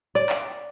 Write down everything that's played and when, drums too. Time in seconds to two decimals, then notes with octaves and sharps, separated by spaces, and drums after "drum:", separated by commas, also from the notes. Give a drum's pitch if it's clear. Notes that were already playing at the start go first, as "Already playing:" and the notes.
0.15 D5
0.29 drum: clap